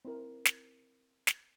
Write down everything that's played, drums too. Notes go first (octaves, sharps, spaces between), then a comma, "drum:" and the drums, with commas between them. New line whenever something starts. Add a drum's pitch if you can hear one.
C4 E4 A#4
drum: snare
drum: snare